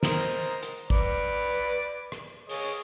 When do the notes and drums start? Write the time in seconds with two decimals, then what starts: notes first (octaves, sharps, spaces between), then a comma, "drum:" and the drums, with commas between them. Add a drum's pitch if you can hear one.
0.03 A#4 C5 D#5, drum: snare
0.63 drum: hi-hat
0.90 B4 D5, drum: kick
2.12 drum: rim click
2.49 G#4 C#5 D#5, drum: open hi-hat